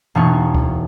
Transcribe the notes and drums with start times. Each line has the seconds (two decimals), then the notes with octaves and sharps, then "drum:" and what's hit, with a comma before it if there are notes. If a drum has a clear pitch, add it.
0.15 E1 A#3 B3 D#4 C#6
0.55 drum: kick D2